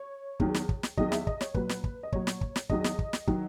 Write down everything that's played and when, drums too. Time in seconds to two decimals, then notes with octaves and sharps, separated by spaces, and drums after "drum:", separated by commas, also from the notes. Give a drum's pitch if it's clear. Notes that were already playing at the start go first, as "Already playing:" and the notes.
Already playing: C#5
0.40 E2 D#3 F#3, drum: kick
0.54 drum: snare
0.69 drum: kick
0.83 drum: snare
0.97 E2 D#3 F#3 D#5, drum: kick
1.12 E5, drum: snare
1.27 D#5, drum: kick
1.41 C#5, drum: snare
1.54 A#2 F#3 B4, drum: kick
1.69 drum: snare
1.84 drum: kick
2.03 D#5
2.12 A#2 F#3 C#5, drum: kick
2.27 drum: snare
2.41 drum: kick
2.56 drum: snare
2.70 E2 D#3 F#3 D#5, drum: kick
2.84 drum: snare
2.99 drum: kick
3.13 drum: snare
3.27 D#3 F#3, drum: kick